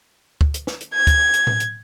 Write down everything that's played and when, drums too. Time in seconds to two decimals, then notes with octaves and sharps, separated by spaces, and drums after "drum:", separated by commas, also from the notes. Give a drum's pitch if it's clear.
0.41 drum: kick
0.54 drum: hi-hat
0.67 drum: snare
0.81 drum: hi-hat
0.94 G#6
1.07 drum: kick, hi-hat
1.34 drum: hi-hat
1.47 drum: tom A2
1.60 drum: hi-hat